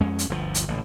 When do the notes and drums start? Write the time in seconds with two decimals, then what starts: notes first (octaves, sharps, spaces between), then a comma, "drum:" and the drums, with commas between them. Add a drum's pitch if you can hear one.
0.01 F2 G#3 C#4
0.19 drum: hi-hat
0.29 G1 D2 B2 F3
0.54 drum: hi-hat
0.68 A1 A#2 D3